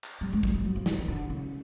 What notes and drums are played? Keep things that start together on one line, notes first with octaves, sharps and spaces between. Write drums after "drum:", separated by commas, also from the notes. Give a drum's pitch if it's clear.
drum: clap
G3
G#3
G3, drum: kick
G3
F#3
F3
E3, drum: snare
D#3
D3
C#3